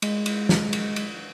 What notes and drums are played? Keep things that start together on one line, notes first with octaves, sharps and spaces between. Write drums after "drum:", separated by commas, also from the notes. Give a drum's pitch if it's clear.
G#3, drum: cymbal
drum: cymbal
drum: snare
drum: cymbal
drum: cymbal